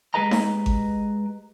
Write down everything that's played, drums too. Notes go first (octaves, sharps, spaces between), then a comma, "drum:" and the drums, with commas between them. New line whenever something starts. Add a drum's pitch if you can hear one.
G#3 G4 G#4 B4 D#5 A#5
drum: snare D#4
drum: kick G#1